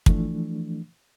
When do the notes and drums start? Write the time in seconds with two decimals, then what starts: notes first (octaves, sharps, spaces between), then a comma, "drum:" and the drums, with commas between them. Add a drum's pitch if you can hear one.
0.06 E3 F3 A3 D4, drum: kick